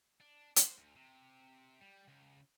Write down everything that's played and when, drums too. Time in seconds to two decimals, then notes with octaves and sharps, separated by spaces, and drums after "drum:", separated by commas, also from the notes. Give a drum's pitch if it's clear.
0.20 D4
0.56 C5, drum: hi-hat
0.78 D2
0.96 C3
1.81 G3
2.08 C#2